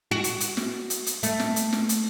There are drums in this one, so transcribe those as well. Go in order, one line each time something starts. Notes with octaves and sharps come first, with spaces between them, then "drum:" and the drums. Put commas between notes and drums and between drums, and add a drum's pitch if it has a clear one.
F#4
drum: hi-hat
drum: hi-hat
drum: snare
drum: hi-hat
drum: hi-hat
A3, drum: hi-hat
drum: snare
drum: hi-hat
drum: snare
drum: hi-hat